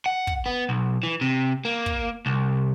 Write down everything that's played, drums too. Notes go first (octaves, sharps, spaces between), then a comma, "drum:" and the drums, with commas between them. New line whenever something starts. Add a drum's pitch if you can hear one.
F#5
drum: kick
B3
B1
E3
C3
A#3
drum: kick
C2